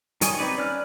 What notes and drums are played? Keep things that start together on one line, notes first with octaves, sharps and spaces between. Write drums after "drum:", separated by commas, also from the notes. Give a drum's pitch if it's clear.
D#3 G3 C#5 D#5 G#5, drum: hi-hat
C4 D#4 B4 D5
C#4 D5 F6 F#6